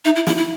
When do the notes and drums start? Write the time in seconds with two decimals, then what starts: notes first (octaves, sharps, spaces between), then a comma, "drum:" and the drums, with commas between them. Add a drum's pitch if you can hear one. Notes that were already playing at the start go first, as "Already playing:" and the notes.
0.05 D#4 E5
0.16 E4
0.27 E4, drum: snare
0.37 E4